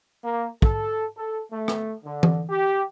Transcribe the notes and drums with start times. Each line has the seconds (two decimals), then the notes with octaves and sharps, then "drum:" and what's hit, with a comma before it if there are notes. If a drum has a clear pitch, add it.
0.24 A#3
0.62 A4, drum: kick
1.18 A4
1.52 A3
1.68 drum: rim click
2.05 D3
2.23 drum: tom E3
2.49 G4